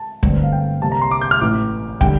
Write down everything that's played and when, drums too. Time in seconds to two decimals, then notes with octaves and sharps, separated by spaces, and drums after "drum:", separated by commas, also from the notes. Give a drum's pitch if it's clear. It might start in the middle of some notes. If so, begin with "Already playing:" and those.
Already playing: A5
0.23 G1 G2 D3 A3 C4, drum: kick
0.43 F5
0.52 G5
0.82 C2 C3 G3 A#3 A5
0.92 A#5
1.02 C6
1.11 D6
1.21 G6
1.31 F6
1.41 A1 A2 E3 D6
2.01 D3 G3 G5, drum: kick